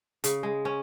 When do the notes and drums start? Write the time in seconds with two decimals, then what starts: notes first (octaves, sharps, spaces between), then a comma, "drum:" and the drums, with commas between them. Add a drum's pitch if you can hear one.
0.24 C#3, drum: hi-hat
0.43 G#3
0.65 C#4